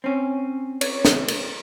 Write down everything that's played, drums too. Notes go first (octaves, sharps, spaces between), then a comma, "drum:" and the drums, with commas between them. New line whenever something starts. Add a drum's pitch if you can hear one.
C4 C#4
C#5, drum: cymbal
drum: snare
drum: cymbal